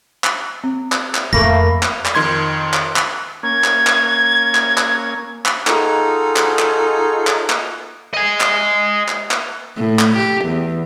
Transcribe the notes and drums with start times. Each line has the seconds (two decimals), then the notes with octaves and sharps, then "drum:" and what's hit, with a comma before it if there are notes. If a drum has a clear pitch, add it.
0.24 drum: clap
0.64 C4
0.92 drum: clap
1.15 drum: clap
1.33 F2 A3 A#3 B5 A#6
1.83 drum: clap
2.05 drum: clap
2.15 F2 D#3 C6 G#6
2.73 drum: clap
2.96 drum: clap
3.43 A#3 C#4 G#6
3.64 drum: clap
3.87 drum: clap
4.55 drum: clap
4.78 drum: clap
5.46 drum: clap
5.67 D#4 F4 F#4 G#4 A4, drum: clap
6.36 drum: clap
6.59 drum: clap
7.27 drum: clap
7.50 drum: clap
8.14 D#5 G#5
8.40 drum: clap
9.08 drum: clap
9.31 drum: clap
9.76 A2
9.99 drum: clap
10.17 G4
10.45 E2